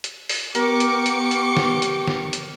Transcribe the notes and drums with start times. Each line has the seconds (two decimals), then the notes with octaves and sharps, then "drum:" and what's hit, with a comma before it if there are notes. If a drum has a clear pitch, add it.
0.04 drum: hi-hat
0.29 drum: open hi-hat
0.55 B3 G4 A#4 C#6 D6 C#7, drum: hi-hat
0.80 drum: hi-hat
1.06 drum: hi-hat
1.31 drum: hi-hat
1.57 drum: snare
1.82 drum: hi-hat
2.08 drum: snare
2.33 drum: hi-hat